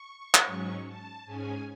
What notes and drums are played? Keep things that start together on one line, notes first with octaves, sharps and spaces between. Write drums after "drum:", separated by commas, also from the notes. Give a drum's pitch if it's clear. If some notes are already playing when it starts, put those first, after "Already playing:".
Already playing: C#6
drum: clap
G#2 F#3 C#4
A5
G#2 G#3 C#4 G#5